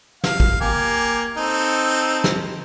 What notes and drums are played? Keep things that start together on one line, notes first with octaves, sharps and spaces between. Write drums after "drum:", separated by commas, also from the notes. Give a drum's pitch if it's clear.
F5, drum: snare
drum: kick
A#3 G4 G#5
C4 D#4 A4
drum: snare